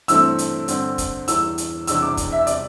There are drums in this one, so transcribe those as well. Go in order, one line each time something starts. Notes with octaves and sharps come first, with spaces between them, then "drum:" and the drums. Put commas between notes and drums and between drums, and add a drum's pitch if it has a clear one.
G2 E3 A3 C4 E6, drum: hi-hat
drum: hi-hat
G2 D3 C4, drum: hi-hat
drum: kick, hi-hat
E2 E3 G3 E6, drum: hi-hat
drum: hi-hat
E1 E2 C3 G3 D4 E6, drum: hi-hat
D6
drum: kick, hi-hat
E5
C3 G3 D5, drum: hi-hat